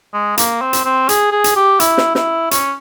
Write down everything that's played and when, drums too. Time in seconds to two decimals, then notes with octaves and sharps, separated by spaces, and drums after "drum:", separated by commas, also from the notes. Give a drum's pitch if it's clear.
0.13 G#3
0.38 A#3, drum: hi-hat
0.61 C4
0.73 drum: hi-hat
0.85 C4
1.09 G#4, drum: hi-hat
1.32 G#4
1.44 drum: hi-hat
1.56 G4
1.80 E4, drum: hi-hat
1.98 drum: snare
2.15 E4, drum: snare
2.51 C#4, drum: hi-hat